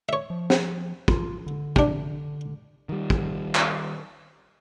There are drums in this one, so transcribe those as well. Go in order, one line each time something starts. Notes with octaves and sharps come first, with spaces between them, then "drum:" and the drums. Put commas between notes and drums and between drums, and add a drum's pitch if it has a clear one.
C#5 E5
F3
drum: snare
F4, drum: kick
D3
C3 D4, drum: kick
D#3 G3
drum: kick
drum: clap